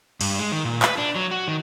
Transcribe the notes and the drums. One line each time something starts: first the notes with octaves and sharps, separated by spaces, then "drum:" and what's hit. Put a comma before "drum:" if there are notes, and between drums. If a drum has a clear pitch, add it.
G2, drum: cymbal
G#3
D#3
A#2
B4, drum: clap
D4
F#3
F#4
D#3